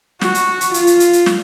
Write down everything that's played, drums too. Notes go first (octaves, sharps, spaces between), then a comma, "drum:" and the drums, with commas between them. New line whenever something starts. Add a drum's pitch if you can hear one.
F#4, drum: snare
drum: hi-hat
drum: hi-hat
F4, drum: hi-hat
drum: hi-hat
drum: hi-hat
drum: hi-hat
drum: snare